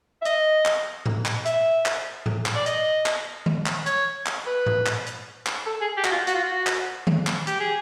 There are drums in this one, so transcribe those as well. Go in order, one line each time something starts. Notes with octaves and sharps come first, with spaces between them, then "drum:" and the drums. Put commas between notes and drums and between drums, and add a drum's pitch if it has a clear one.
E5
D#5, drum: hi-hat
drum: clap
drum: tom G#2
drum: clap
E5, drum: hi-hat
drum: clap
drum: tom G#2
drum: clap
D5
D#5, drum: hi-hat
drum: clap
drum: tom D#3
drum: clap
C#5, drum: hi-hat
drum: clap
B4
drum: tom G#2
drum: clap
drum: hi-hat
drum: clap
A4
G#4
G4
F#4, drum: clap
F4
F#4, drum: hi-hat
F4
F#4
drum: clap
drum: tom D#3
drum: clap
G4, drum: hi-hat
G#4